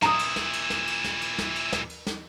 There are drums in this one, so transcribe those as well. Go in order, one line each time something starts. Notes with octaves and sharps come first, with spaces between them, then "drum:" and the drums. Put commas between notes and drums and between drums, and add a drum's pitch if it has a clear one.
A#2 E4 A#5 D#6, drum: snare
drum: cymbal
drum: snare
drum: cymbal
drum: snare
drum: cymbal
drum: snare
drum: cymbal
drum: snare
drum: cymbal
drum: snare
drum: cymbal
drum: snare